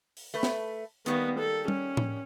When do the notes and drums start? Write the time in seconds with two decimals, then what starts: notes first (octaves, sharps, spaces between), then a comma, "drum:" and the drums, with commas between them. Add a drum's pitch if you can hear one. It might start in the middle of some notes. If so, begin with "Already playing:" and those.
0.17 drum: open hi-hat
0.34 A3 B4
0.43 drum: snare
1.06 D#3 G3 A#3 B3, drum: hi-hat
1.39 A4
1.68 C#4, drum: tom G3
1.97 drum: tom A2